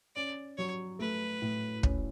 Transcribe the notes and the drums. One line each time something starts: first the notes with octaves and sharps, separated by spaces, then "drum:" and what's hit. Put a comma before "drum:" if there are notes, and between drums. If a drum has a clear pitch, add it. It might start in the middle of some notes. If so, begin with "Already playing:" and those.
C#4 D5
F#3 C#5
A3 B4
A2
C#4, drum: kick